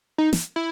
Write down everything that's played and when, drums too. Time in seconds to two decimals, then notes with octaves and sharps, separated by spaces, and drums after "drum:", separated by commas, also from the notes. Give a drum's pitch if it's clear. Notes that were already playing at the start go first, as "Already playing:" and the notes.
0.18 D#4
0.33 drum: snare
0.56 E4